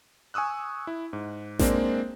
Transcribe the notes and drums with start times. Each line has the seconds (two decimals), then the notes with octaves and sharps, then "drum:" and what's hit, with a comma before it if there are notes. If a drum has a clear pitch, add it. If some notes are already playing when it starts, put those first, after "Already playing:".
0.34 G#5 C#6 D#6 E6 F#6
0.87 E4
1.13 G#2
1.59 G#3 A#3 C4 D4, drum: snare A1